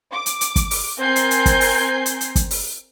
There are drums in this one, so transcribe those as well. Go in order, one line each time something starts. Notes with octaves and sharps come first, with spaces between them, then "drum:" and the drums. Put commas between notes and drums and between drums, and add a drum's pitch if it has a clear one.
D6
drum: hi-hat
drum: hi-hat
drum: kick, hi-hat
drum: open hi-hat
C4 A#4 G#5 G6 C7
drum: hi-hat
drum: hi-hat
drum: kick, hi-hat
drum: open hi-hat
drum: hi-hat
drum: hi-hat
drum: kick, hi-hat
drum: open hi-hat